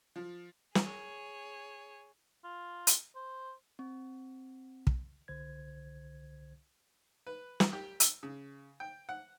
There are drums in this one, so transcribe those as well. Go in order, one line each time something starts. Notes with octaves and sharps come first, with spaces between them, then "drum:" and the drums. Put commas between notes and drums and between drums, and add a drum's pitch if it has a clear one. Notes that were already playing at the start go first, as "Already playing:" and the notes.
F3
G#4 C#5, drum: snare
F4
drum: hi-hat
C5
C4
drum: kick
C2 D3 C5 G#6
B4
drum: snare
G4
E6, drum: hi-hat
C#3
G5
F#5